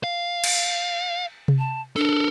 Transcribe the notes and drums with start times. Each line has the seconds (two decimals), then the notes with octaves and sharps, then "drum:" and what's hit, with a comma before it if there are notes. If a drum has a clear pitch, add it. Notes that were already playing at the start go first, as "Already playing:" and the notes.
0.04 F5
0.44 drum: cymbal
1.48 drum: tom C3
1.59 A5
1.96 D4 A4 A#4